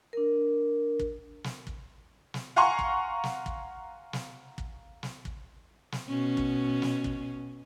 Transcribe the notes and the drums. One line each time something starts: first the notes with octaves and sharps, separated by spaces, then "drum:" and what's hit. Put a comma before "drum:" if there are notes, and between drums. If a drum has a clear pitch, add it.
D4 A#4
drum: kick
drum: snare
drum: kick
drum: snare
F5 F#5 G#5 A#5 C6 C#6
drum: kick
drum: snare
drum: kick
drum: snare
drum: kick
drum: snare
drum: kick
drum: snare
B2 C#4
drum: kick
drum: snare
drum: kick